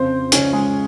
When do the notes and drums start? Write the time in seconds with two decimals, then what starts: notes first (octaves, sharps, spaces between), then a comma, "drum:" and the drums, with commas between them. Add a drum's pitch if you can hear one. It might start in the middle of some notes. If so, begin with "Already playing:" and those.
Already playing: F2 C#3 F3 C4 C5
0.32 C#2 C#3 F3 C#4 C#5, drum: hi-hat
0.53 G#3 G#4